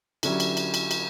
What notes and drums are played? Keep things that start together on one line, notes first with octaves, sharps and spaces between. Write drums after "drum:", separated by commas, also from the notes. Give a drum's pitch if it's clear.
D3 F#3 C#4 E4 G4, drum: cymbal
drum: cymbal
drum: cymbal
drum: cymbal
drum: cymbal